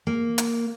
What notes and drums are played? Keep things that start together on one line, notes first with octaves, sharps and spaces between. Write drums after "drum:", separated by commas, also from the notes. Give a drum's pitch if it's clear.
A#3
drum: hi-hat